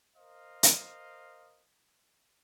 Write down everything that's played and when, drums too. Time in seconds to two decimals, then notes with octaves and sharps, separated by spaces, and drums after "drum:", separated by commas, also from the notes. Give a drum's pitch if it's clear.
0.17 A#4 C5 D#5 F5
0.63 drum: hi-hat